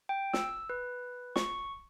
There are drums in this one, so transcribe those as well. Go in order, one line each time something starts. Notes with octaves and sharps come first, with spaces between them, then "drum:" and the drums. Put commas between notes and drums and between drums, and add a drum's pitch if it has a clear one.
G5
E6, drum: snare
B4
C#6, drum: snare